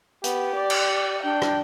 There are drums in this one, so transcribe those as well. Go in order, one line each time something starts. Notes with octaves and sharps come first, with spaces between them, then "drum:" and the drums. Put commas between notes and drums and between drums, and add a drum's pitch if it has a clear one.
B3 G4, drum: hi-hat
D5
drum: cymbal
D4 G5
drum: rim click